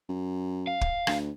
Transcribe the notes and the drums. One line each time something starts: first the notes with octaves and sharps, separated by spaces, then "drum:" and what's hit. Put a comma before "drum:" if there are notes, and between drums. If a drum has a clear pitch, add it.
F#2
F5
drum: kick
D2, drum: rim click